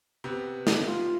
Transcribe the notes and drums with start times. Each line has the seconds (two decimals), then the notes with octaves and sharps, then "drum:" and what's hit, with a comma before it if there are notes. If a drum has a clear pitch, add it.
0.24 C3 B3
0.67 drum: snare
0.85 F4